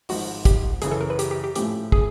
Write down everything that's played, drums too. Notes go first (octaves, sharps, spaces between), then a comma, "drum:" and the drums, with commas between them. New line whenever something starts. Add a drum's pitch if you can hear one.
G#1 G#2 F3 F#4, drum: open hi-hat
G4, drum: kick, hi-hat
F#2 C#3 E3 G#4, drum: hi-hat
A4
A#4
B4
G4, drum: hi-hat
G4
G4
A2 F3 A3 C#4 G4, drum: hi-hat
G#4, drum: kick